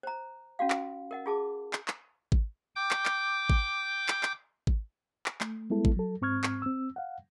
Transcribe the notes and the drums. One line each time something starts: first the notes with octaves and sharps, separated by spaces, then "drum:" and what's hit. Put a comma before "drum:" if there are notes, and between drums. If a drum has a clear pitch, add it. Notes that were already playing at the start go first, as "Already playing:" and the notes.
C5 A#5
C#4 F4 F#4 F5
drum: clap
A#4 D#5 F#5
F4 G#4 A5 D6
drum: clap
drum: clap
drum: kick G#1
G5 D6 G6
drum: clap
drum: clap
drum: kick G#1
drum: clap
drum: clap
drum: kick G#1
drum: clap
A3, drum: clap
G3 G#3 B3 E4 A4
drum: kick G#1
F#3 A4
G#2 C4 C#6 F6 G#6
drum: clap
C4 E6
F5 F#5